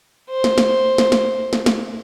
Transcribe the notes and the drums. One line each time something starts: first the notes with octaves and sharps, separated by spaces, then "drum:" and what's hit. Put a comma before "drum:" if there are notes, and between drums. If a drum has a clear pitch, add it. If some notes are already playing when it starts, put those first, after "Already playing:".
C5
drum: snare
drum: snare
drum: snare
drum: snare
drum: snare
drum: snare